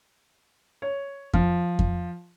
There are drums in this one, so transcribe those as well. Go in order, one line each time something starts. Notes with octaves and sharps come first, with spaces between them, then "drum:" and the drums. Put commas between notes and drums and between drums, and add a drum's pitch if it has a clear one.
C#5
F3, drum: kick F2
drum: kick F2